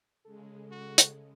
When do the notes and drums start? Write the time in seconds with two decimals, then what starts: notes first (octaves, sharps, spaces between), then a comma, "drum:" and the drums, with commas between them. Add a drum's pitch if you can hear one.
0.25 C#3 G#3 A4
0.71 F#4
0.98 drum: hi-hat